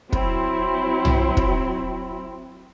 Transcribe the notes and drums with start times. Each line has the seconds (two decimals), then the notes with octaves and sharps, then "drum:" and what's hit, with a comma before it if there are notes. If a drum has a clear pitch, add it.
0.12 F#3 C4 E4, drum: kick
1.05 drum: tom
1.37 drum: kick